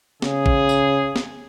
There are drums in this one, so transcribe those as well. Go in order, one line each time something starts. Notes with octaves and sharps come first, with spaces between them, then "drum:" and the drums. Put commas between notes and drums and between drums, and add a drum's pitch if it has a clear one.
C#3 G#4, drum: snare
drum: kick A1
drum: tambourine
drum: snare